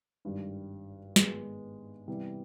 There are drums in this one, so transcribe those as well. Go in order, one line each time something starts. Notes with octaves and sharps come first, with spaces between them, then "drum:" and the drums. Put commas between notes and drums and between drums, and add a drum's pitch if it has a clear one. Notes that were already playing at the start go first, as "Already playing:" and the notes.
G#1 G2 D#3 G3
G#2 D#3 G#3 B3, drum: snare
C3 E3 G3 B3